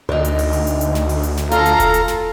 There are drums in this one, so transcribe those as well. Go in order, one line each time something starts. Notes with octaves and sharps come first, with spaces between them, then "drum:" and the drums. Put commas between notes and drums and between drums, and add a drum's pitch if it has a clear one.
D2 D4 D#4
drum: hi-hat
drum: open hi-hat
drum: open hi-hat
drum: hi-hat
drum: hi-hat
drum: snare
drum: open hi-hat
drum: hi-hat
drum: snare
F4 A4 F5 A#5, drum: hi-hat
drum: hi-hat
drum: kick E1, hi-hat
drum: hi-hat
drum: snare